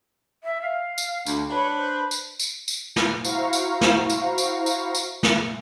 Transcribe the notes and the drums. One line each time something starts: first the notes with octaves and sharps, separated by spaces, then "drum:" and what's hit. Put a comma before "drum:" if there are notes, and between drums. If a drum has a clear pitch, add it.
E5
F5
drum: tambourine
D2, drum: tambourine
D4 B4 C#5
C5
drum: tambourine
drum: tambourine
drum: tambourine
drum: snare
E4 F#4 C5 F5 A#5 C#6, drum: tambourine
drum: tambourine
drum: snare
drum: tambourine
drum: tambourine
drum: tambourine
drum: tambourine
drum: snare